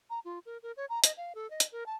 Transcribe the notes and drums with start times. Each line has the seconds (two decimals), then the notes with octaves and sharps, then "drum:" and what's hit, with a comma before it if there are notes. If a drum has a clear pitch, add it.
0.10 A#5
0.25 F4
0.46 A#4
0.63 A#4
0.77 C#5
0.89 A#5
1.04 D#5, drum: hi-hat
1.17 F5
1.35 A4
1.50 D#5
1.60 drum: hi-hat
1.72 A#4
1.86 A5